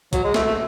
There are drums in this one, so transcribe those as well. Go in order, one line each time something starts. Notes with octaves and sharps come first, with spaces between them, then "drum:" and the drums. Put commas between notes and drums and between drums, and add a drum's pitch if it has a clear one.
F#3, drum: kick A#1, hi-hat
G#3
A3, drum: snare
A3